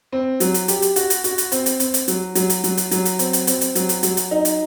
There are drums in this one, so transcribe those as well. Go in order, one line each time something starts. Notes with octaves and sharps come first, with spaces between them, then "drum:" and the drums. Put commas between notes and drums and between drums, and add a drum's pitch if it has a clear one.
C4
F#3, drum: hi-hat
drum: hi-hat
G4, drum: hi-hat
drum: hi-hat
F#4, drum: hi-hat
drum: hi-hat
F#4, drum: hi-hat
drum: hi-hat
C4, drum: hi-hat
drum: hi-hat
C4, drum: hi-hat
drum: hi-hat
F#3, drum: hi-hat
F#3, drum: hi-hat
drum: hi-hat
F#3, drum: hi-hat
drum: hi-hat
F#3, drum: hi-hat
drum: hi-hat
C4, drum: hi-hat
drum: hi-hat
C4, drum: hi-hat
drum: hi-hat
F#3, drum: hi-hat
drum: hi-hat
F#3, drum: hi-hat
drum: hi-hat
D#4
drum: hi-hat